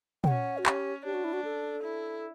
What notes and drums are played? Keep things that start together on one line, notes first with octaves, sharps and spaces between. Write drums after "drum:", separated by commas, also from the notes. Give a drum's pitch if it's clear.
G5, drum: tom
C#4 F#5
F#4
C#4 G4, drum: clap
D4 G4
F#4
E4
F#4
A4
E4